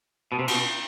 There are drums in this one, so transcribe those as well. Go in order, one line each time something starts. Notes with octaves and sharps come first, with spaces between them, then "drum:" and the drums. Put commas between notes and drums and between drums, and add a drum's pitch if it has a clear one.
B2
C3
B2, drum: cymbal